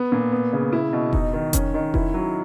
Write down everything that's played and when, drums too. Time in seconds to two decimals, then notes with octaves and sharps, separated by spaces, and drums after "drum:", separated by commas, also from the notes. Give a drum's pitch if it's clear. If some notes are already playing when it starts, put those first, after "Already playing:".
Already playing: B3
0.12 A#2
0.32 B3
0.53 C#3
0.72 E4
0.93 B2
1.13 D#4, drum: kick F1
1.33 D#3
1.53 C#4, drum: kick F1, hi-hat
1.74 D#3
1.94 E4, drum: kick F1
2.14 F#3